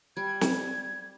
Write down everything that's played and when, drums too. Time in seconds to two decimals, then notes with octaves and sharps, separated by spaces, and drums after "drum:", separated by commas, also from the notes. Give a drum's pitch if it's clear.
0.17 G3 G#6
0.41 drum: snare